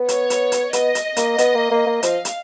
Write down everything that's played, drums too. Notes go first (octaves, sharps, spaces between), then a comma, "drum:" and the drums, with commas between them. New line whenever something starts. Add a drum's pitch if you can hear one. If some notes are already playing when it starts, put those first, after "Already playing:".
Already playing: B3
C#5, drum: hi-hat
drum: hi-hat
drum: hi-hat
B3 D#5, drum: hi-hat
drum: hi-hat
A#3, drum: hi-hat
B3, drum: hi-hat
A#3
A#3
A#3
F3 F5, drum: hi-hat
drum: hi-hat